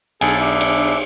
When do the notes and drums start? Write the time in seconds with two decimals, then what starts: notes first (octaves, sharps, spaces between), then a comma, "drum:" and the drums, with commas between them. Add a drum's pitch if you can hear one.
0.21 B1 G#4 A4 G#5 A5, drum: cymbal
0.39 D4 E5
0.61 drum: cymbal